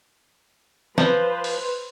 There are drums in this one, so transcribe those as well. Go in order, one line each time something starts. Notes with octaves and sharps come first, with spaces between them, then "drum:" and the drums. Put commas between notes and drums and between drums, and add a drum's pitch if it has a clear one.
F3 B4 C5, drum: snare
drum: open hi-hat